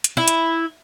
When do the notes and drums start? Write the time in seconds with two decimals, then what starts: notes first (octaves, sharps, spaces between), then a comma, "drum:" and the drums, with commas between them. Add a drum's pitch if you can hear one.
0.04 drum: hi-hat
0.17 E4
0.28 drum: hi-hat